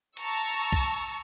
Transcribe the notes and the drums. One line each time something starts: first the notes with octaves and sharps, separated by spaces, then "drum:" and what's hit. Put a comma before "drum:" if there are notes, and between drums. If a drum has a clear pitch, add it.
A5 A#5 C#6 E6, drum: cymbal
drum: kick C2, cymbal